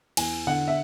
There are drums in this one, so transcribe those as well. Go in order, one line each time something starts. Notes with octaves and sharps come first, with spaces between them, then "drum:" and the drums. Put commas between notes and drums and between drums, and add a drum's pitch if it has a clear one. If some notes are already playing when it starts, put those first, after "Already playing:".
E2 G#5, drum: cymbal
D3 F#5
E5